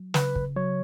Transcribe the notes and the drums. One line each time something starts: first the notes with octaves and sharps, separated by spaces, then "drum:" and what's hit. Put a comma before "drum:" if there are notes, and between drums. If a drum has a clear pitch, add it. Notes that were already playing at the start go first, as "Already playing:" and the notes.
Already playing: F#3
C#3 B4, drum: snare
drum: kick
F#3 C#5